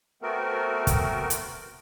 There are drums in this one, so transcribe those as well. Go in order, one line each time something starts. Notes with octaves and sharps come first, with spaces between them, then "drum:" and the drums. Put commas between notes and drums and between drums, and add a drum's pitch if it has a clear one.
A3 B3 C4 F#4 A#4
drum: kick, hi-hat
drum: hi-hat